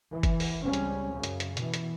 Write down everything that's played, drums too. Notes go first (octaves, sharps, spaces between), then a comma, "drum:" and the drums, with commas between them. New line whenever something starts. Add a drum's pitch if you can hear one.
E3
drum: kick F#1, hi-hat
drum: open hi-hat
C#2 G3 C4 C#4
drum: hi-hat
F#2 C#3
drum: hi-hat
drum: hi-hat
B2 E3, drum: hi-hat
drum: hi-hat